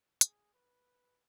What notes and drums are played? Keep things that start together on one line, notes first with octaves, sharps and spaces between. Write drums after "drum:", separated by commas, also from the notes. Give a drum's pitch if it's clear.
G#4, drum: hi-hat
B4